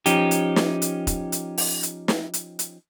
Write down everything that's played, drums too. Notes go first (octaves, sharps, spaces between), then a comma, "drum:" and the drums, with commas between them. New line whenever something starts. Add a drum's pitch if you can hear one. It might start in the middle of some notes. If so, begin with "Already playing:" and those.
F3 C#4 D#4 G4, drum: hi-hat
drum: hi-hat
drum: snare
drum: hi-hat
drum: kick E1, hi-hat
drum: hi-hat
drum: open hi-hat
drum: hi-hat
drum: snare
drum: hi-hat
drum: hi-hat